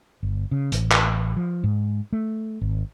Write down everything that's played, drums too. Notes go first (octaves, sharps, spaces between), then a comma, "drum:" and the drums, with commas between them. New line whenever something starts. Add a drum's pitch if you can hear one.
G1
C#3
A1, drum: hi-hat
drum: clap
F3
G#2
A3
G#1